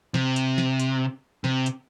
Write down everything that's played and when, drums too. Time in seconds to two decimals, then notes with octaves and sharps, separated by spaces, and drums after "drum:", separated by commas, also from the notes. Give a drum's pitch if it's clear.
0.14 C3, drum: snare
0.36 drum: hi-hat
0.58 drum: snare
0.80 drum: hi-hat
1.44 C3, drum: snare
1.66 drum: hi-hat